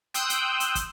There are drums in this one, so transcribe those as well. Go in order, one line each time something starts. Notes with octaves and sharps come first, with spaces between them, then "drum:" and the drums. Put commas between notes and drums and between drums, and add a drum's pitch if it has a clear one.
G5 C6 D#6 E6 F#6 G6, drum: hi-hat
drum: hi-hat
drum: hi-hat
drum: kick, hi-hat